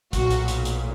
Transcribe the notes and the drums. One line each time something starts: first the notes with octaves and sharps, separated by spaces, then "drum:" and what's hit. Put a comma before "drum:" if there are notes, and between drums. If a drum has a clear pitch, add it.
B1 A#2 F#4, drum: kick, hi-hat
drum: hi-hat
drum: hi-hat
drum: hi-hat